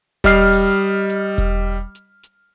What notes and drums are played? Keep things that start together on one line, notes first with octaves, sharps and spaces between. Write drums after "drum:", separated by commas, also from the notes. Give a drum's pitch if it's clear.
G3 D#5 F6 C7, drum: kick E1, open hi-hat
drum: open hi-hat
drum: hi-hat
drum: kick E1, hi-hat
drum: hi-hat
drum: hi-hat